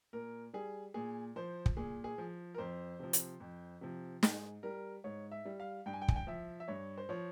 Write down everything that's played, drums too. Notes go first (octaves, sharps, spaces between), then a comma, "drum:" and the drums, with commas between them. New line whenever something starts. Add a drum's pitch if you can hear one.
A#2 A#4
G3 G#4
A#2 G#4
F3 C5
drum: kick
A#2 G#4
G#4
F3
A#4
F2 C5
C3 F3
drum: hi-hat
F2
C3 F3
G#2 G#4, drum: snare
G3 A#4
G#2 C#5
E5
G3
F5
G2 G5
G#5
G5
G#5, drum: kick
G5
F3 E5
E5
G2 C#5
C5
F3 C#5